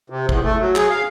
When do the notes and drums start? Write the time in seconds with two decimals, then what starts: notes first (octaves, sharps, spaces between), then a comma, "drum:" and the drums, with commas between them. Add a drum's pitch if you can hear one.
0.10 C3
0.29 E2, drum: kick
0.45 A3
0.60 F#3
0.76 G#4, drum: clap
0.90 F5